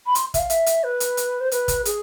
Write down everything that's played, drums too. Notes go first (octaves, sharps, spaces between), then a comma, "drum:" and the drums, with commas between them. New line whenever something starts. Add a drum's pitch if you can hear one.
B5
C6, drum: hi-hat
E5, drum: kick, hi-hat
F5
E5, drum: hi-hat
drum: hi-hat
B4
drum: hi-hat
drum: hi-hat
C5
B4, drum: hi-hat
drum: kick, hi-hat
G#4, drum: hi-hat